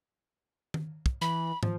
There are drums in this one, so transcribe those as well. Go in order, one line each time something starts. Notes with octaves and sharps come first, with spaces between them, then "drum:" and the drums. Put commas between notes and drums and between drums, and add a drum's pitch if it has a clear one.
drum: tom
drum: kick
E3 B5
F3, drum: tom